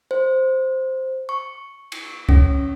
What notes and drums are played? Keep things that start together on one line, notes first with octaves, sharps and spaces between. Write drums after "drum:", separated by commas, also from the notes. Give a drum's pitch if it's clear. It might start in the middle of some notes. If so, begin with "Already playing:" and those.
C5
C#6
drum: cymbal
C#4, drum: kick C2